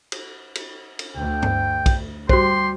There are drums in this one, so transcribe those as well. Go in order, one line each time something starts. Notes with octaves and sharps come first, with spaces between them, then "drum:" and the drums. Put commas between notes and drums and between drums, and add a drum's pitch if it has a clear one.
drum: cymbal
drum: cymbal
drum: cymbal
D2 G5
drum: tom G2
drum: kick, cymbal
G3 F#4 G4 C5 C6, drum: kick